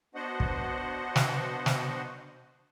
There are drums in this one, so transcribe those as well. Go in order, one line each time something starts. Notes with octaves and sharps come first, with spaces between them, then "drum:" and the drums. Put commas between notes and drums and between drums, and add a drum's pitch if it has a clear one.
B3 D4 F#4 C5 D#5 F#5
drum: kick
drum: snare
drum: snare